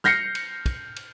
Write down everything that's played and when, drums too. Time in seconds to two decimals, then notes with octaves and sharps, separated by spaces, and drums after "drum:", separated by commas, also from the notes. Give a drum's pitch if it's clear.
0.04 F6 G6 A#6 C7 C#7, drum: snare
0.35 drum: cymbal
0.66 drum: kick, cymbal
0.96 drum: cymbal